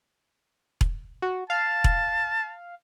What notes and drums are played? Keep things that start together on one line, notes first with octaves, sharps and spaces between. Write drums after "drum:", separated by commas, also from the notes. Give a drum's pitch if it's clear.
drum: kick E1
F#4
F5 A5
drum: kick E1